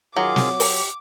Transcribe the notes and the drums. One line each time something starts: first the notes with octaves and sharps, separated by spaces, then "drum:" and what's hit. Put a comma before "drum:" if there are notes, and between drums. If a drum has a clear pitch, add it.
D#3 F#3 F4 G#4 D6
drum: snare
G4, drum: open hi-hat